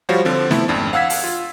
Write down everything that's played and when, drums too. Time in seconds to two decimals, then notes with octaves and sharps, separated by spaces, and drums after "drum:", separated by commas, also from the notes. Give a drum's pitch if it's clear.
0.09 F3 G3 F4 F#4 C5 C#5
0.25 D3 F3 C4
0.51 A3 B3 C4 E4 A4, drum: snare
0.68 G#1 F2 D4
0.93 F5 F#5 E6 G#6 B6
1.10 drum: open hi-hat
1.24 F4